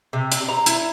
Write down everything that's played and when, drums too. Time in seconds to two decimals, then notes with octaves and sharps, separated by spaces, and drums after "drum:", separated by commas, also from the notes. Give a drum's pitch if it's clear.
0.13 C3
0.32 drum: hi-hat
0.48 A#5
0.66 E4, drum: hi-hat